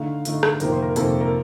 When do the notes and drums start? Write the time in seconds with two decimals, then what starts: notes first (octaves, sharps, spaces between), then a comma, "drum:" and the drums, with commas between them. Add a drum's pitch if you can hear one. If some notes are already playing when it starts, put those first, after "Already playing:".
Already playing: D3 A3 D#4 F5
0.25 D3 A3 D#4, drum: hi-hat
0.43 drum: rim click
0.60 F2 C3 D#3 A#3 A#4, drum: hi-hat
0.72 C5
0.82 A#4
0.96 F2 C3 D#3 A#3 A4, drum: hi-hat
1.21 A#4